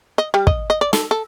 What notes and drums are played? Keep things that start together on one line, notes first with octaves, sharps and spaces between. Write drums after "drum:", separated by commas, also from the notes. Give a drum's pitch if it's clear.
D#5
G3
D#5, drum: kick
D#5
D5
A4, drum: snare
A4